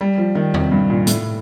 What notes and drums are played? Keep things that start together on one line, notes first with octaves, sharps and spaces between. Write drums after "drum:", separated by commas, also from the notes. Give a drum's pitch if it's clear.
G3
F3
D#3
C3, drum: tom E2
G2
A#2
A2, drum: hi-hat